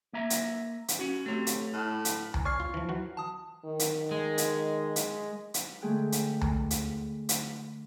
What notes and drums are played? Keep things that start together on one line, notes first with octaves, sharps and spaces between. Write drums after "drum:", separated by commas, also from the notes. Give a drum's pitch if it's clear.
A#3 E5 A#5
drum: hi-hat
drum: hi-hat
C#4 F#4
C3 A3 C#5
drum: hi-hat
A2
drum: hi-hat
drum: tom D2
C#5 D5 G#5 C#6 F6 C7
F4
E3 F3
E3 F#3 F#4
A5 D#6
D#3
drum: hi-hat
G#3
drum: hi-hat
drum: hi-hat
drum: hi-hat
D3 G#3 A3 G#4 G5 F#6
drum: hi-hat
drum: tom D2
drum: hi-hat
drum: hi-hat